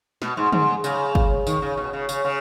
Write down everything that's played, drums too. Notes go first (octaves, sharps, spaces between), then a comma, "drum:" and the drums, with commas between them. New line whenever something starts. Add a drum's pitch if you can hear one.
B2, drum: snare
G#2
G#2, drum: tom
C#3, drum: tambourine
drum: kick
D#3, drum: tambourine
C#3
B2
C#3
C#3, drum: tambourine
C#3